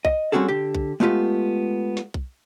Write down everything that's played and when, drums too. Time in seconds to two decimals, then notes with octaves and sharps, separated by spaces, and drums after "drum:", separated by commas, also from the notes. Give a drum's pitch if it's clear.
0.05 D#5, drum: kick B1
0.32 G3 C4 C#4 F#4 G#4 A4
0.48 D3 G4
0.75 drum: kick B1
1.00 G#3 A3 B3 F4 G4
1.97 drum: snare
2.14 drum: kick B1